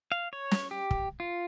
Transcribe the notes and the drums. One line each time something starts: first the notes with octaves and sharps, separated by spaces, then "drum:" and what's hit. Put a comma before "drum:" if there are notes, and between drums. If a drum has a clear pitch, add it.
F5
C#5
drum: snare
G4
drum: kick
F4